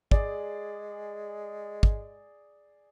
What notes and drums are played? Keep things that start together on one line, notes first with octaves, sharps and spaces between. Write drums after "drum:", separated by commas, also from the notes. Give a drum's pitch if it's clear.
G#3 G#4 D5, drum: kick
drum: kick